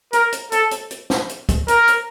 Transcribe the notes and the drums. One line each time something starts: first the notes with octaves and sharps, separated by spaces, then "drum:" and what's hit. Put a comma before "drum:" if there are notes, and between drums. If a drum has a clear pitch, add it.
A#4, drum: hi-hat
drum: hi-hat
A4, drum: hi-hat
drum: hi-hat
drum: hi-hat
drum: snare
drum: hi-hat
drum: kick, hi-hat
A#4, drum: hi-hat
drum: hi-hat